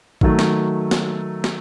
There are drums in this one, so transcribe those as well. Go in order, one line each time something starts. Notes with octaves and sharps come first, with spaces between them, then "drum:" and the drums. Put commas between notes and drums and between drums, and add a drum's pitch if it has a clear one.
D#3 F#3 A3, drum: kick A1
drum: snare
drum: snare
drum: snare